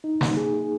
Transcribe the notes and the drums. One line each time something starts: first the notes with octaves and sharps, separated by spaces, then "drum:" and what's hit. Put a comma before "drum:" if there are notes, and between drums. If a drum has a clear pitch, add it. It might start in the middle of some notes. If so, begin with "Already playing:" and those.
D#4
A#3, drum: snare
G#4
G#4